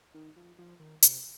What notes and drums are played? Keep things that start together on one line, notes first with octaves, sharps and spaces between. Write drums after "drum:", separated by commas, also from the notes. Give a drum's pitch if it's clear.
D#3
F3
F3
D#3
C3, drum: hi-hat